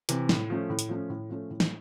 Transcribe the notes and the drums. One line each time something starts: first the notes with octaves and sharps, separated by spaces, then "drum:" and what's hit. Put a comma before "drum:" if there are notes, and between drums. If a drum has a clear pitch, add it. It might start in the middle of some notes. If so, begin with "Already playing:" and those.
C3 E3, drum: hi-hat
A2, drum: snare
F3 A3 C#4
A2
drum: hi-hat
F3 A3 C#4
A2
F3 A3 C#4
A2
drum: snare